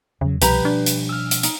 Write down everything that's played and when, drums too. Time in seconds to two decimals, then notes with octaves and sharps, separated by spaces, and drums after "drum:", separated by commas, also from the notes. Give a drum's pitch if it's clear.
0.21 E2 C#3 F#3
0.42 C2 B2 F3 G3 G4 B4 A#5 B5, drum: hi-hat
0.65 D4
0.86 drum: hi-hat
1.09 E6 F6
1.31 drum: hi-hat
1.43 D#4, drum: hi-hat